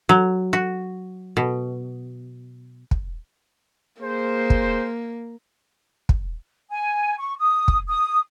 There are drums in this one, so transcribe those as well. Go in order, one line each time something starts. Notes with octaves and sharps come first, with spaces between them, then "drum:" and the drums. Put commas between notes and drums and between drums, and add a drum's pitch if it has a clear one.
F#3
F#4
B2
drum: kick
A#3 G#4 C5
drum: kick
drum: kick
G#5
C#6
D#6
drum: kick
D#6